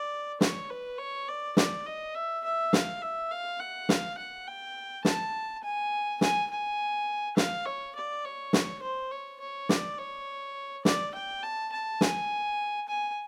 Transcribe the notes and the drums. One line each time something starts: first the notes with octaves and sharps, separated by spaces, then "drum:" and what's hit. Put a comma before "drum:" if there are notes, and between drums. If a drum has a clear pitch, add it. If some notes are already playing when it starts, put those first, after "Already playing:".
Already playing: D5
C#5, drum: snare
B4
C#5
D5
D5, drum: snare
D#5
E5
E5
F5, drum: snare
E5
F5
F#5
F5, drum: snare
F#5
G5
A5, drum: snare
G#5
G#5, drum: snare
G#5
F5, drum: snare
C#5
D5
C#5
drum: snare
C5
C#5
C#5
D5, drum: snare
C#5
D5, drum: snare
G5
A5
A5
G#5, drum: snare
G#5